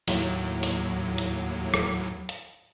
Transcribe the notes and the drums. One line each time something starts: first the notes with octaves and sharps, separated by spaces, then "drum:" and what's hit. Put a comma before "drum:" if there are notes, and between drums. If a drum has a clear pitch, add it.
D#2 A2 F#3, drum: open hi-hat
drum: open hi-hat
drum: hi-hat
drum: rim click
drum: hi-hat